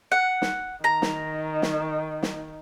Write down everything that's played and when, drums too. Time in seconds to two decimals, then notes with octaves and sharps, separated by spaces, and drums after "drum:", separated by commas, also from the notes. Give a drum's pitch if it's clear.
0.12 F#5
0.42 drum: snare
0.84 D#3 A#5
1.02 drum: snare
1.62 drum: snare
2.23 drum: snare